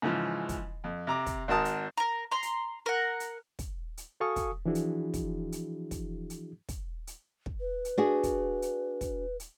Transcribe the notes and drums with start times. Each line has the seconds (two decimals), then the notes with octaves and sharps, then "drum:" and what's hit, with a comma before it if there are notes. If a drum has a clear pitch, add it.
0.02 G#2 C#3 E3 F3
0.49 drum: kick, hi-hat
0.84 F2
1.07 C3 A#5 D6
1.26 drum: kick, hi-hat
1.48 G#1 F#4 A#4 A5 D#6
1.65 drum: hi-hat
1.97 A#4 A#5
2.32 A#5 C6
2.43 drum: hi-hat
2.86 A#4 F#5
3.20 drum: hi-hat
3.59 drum: kick, hi-hat
3.97 drum: hi-hat
4.20 F#4 A4 F5 G#5 C#6 D#6
4.36 drum: kick, hi-hat
4.65 E3 F3 D4 E4 F#4 G#4
4.75 drum: hi-hat
5.14 drum: kick, hi-hat
5.52 drum: hi-hat
5.91 drum: kick, hi-hat
6.30 drum: hi-hat
6.69 drum: kick, hi-hat
7.07 drum: hi-hat
7.46 drum: kick
7.60 B4
7.85 drum: hi-hat
7.98 D4 F#4 G#4
8.23 drum: kick, hi-hat
8.62 drum: hi-hat
9.01 drum: kick, hi-hat
9.40 drum: hi-hat